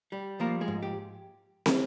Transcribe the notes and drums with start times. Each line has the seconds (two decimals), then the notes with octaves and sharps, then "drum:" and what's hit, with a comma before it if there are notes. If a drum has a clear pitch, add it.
0.12 G3
0.40 F3 A#3 A#4
0.61 G#3 G#4
0.68 G#2
0.83 G4
1.66 drum: snare